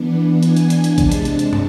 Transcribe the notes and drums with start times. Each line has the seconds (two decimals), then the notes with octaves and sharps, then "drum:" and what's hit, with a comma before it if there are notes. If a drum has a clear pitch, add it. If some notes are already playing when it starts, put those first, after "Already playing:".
Already playing: E3 B3 D4
0.43 G#5, drum: hi-hat
0.56 drum: hi-hat
0.70 drum: hi-hat
0.84 drum: hi-hat
0.98 C3 G#3 D4 A5, drum: kick A1, hi-hat
1.12 drum: hi-hat
1.25 drum: hi-hat
1.39 drum: hi-hat
1.53 drum: tom